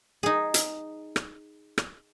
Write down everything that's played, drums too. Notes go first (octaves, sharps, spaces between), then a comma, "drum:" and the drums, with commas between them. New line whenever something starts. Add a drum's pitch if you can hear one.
D#4 G#4
drum: hi-hat
drum: rim click
drum: rim click